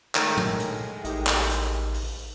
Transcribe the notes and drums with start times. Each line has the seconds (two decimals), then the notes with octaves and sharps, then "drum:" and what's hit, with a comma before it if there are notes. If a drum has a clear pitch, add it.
0.15 A2 D#3 G#3 A3 A#4, drum: clap
0.37 drum: tom
0.60 drum: hi-hat
1.04 A1 D#4 G4, drum: hi-hat
1.27 drum: clap
1.49 drum: hi-hat
1.94 drum: open hi-hat